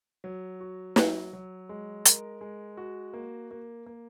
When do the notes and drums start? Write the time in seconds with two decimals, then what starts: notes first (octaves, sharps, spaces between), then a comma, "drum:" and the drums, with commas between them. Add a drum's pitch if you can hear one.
0.24 F#3
0.61 F#4
0.96 F#3, drum: snare
1.33 F#3
1.69 G#3
2.06 A#4, drum: hi-hat
2.41 G#3
2.77 F#4
3.13 A#3
3.51 A#3
3.86 A#3